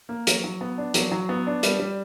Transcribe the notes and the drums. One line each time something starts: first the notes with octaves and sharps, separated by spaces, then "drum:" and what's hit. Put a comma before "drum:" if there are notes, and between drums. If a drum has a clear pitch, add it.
A#3
F#3, drum: hi-hat
F#3
B3
D4
F#3, drum: hi-hat
F#3
B3
D4
G3, drum: hi-hat
G3